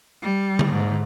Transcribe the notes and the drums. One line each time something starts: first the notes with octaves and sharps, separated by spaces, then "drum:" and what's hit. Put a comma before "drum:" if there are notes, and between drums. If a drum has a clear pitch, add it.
G3
drum: tom D3
G#2